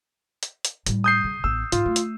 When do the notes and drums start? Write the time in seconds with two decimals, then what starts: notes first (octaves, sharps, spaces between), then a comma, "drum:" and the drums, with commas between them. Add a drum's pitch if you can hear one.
0.43 drum: hi-hat
0.65 drum: hi-hat
0.86 A2 G3, drum: hi-hat
1.04 D#6 G6 C7
1.24 C#3
1.44 A1 B3 E6
1.72 G#2 F4, drum: hi-hat
1.86 A3
1.96 drum: hi-hat